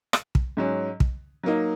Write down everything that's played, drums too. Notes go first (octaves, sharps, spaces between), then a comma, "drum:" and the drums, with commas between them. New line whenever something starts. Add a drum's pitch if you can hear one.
drum: rim click
drum: kick
G#2 F#3 C#4
drum: kick
F#3 A#3 D#4